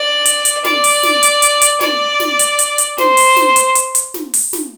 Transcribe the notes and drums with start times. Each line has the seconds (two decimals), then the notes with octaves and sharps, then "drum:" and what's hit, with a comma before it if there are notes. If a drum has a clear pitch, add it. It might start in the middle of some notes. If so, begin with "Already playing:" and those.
Already playing: D5
0.25 drum: hi-hat
0.45 drum: hi-hat
0.65 D5, drum: snare
0.84 drum: open hi-hat
1.03 drum: snare
1.23 drum: hi-hat
1.42 drum: hi-hat
1.62 drum: hi-hat
1.81 D5, drum: snare
2.20 drum: snare
2.39 drum: hi-hat
2.59 drum: hi-hat
2.78 drum: hi-hat
2.98 C5, drum: snare
3.17 drum: open hi-hat
3.36 drum: snare
3.56 drum: hi-hat
3.75 drum: hi-hat
3.95 drum: hi-hat
4.14 drum: snare
4.34 drum: open hi-hat
4.53 drum: snare